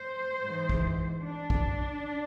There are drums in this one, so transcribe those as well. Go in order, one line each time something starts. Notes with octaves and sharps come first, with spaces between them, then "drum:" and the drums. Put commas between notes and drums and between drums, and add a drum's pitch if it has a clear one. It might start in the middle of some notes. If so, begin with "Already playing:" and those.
Already playing: C5
G#2 E3
drum: kick
D4
drum: kick